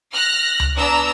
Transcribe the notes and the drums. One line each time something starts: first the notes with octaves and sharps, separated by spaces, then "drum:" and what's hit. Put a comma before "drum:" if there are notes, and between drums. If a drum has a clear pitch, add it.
F6 F#6 A#6
drum: tom C#2
B3 D4 A#5 E6